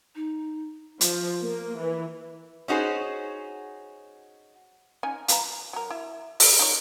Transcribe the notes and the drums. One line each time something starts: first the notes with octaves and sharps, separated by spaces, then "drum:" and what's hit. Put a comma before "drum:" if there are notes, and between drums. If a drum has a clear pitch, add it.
D#4
F3, drum: hi-hat
A#3
E3
C#4 D#4 F#4 G#4 C5
C#4 D#4 G#5
F4 B4 A#5, drum: hi-hat
F#3 A#4
E4 E5
F4, drum: open hi-hat
D#4 A#4 C#5